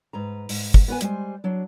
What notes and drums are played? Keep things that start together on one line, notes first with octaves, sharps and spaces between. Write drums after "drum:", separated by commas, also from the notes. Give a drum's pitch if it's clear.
G#2 B4 A#5
G#2, drum: open hi-hat
drum: kick
B3 B4 G#5
G3 G#3 C5 G#5, drum: hi-hat
F#3 D4